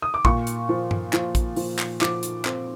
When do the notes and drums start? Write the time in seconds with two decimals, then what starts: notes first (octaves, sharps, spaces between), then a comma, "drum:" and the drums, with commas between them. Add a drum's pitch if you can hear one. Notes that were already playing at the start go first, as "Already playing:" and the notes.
0.02 D#6
0.14 D6
0.25 A#2 C#6, drum: kick
0.47 drum: hi-hat
0.69 F3
0.91 drum: tom G2
1.13 F3, drum: clap
1.35 drum: kick, hi-hat
1.56 F3, drum: open hi-hat
1.79 drum: clap
2.01 F3 D6, drum: clap
2.23 drum: hi-hat
2.45 C4, drum: clap